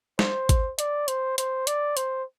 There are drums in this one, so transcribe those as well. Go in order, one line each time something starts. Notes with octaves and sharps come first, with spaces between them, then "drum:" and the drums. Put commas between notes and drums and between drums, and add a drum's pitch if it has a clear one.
C5, drum: snare
drum: kick G#1, hi-hat
D5, drum: hi-hat
C5, drum: hi-hat
C5, drum: hi-hat
D5, drum: hi-hat
C5, drum: hi-hat